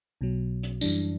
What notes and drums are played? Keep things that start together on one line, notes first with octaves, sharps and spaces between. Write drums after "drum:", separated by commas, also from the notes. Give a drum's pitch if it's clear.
B1 B2 F#3
drum: hi-hat
F#2 E3 G3 D4, drum: tambourine